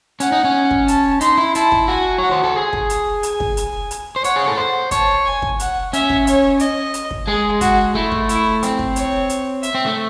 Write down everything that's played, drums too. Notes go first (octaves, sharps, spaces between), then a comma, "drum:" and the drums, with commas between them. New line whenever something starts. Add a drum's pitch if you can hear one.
C#4 F#5, drum: hi-hat
D#4
C#4
drum: kick
A5, drum: hi-hat
D#4 C6, drum: hi-hat
E4
E4 A5, drum: hi-hat
drum: kick
F#4 G#5
C#5 F#5
C5
A4
G#4
drum: kick
drum: hi-hat
G#5, drum: hi-hat
drum: kick
drum: hi-hat
drum: hi-hat
C5
C#5 F#5, drum: hi-hat
G#4
A4
C5 F#5
C#5 A5, drum: kick, hi-hat
G#5
drum: kick
F#5, drum: hi-hat
C#4 E5, drum: hi-hat
drum: kick
C#5, drum: hi-hat
D#5, drum: hi-hat
drum: hi-hat
drum: kick
G#3 G#4
F#4, drum: kick, hi-hat
A3 E4
drum: kick
E4, drum: hi-hat
C4, drum: hi-hat
drum: kick
C#5, drum: hi-hat
drum: hi-hat
E5, drum: hi-hat
C4
A3